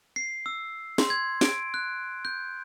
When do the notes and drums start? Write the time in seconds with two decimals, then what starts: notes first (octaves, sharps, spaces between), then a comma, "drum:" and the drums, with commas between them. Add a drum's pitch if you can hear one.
0.16 C7
0.46 E6
0.98 C6, drum: snare
1.10 G#6
1.41 D7, drum: snare
1.74 F#6
2.25 G6